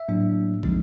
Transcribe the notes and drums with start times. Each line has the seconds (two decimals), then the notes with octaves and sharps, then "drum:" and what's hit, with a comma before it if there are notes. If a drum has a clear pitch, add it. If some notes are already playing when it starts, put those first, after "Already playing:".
Already playing: E5
0.08 A2 F#3 A#3 D4
0.63 D3 F3 G#3 C4 D#4, drum: kick